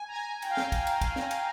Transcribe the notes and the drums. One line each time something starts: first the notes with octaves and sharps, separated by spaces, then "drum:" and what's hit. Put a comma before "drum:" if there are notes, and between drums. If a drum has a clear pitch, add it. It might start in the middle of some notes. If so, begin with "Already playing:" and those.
Already playing: G#5
A#5
G#5
G5, drum: cymbal
F5
G5, drum: snare
drum: kick, cymbal
drum: cymbal
drum: kick, cymbal
drum: snare
drum: cymbal